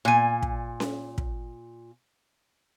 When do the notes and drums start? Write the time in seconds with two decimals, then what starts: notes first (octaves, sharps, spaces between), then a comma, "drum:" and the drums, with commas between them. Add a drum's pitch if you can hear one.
0.05 A#2 G#5
0.42 drum: kick
0.80 drum: snare C#4
1.18 drum: kick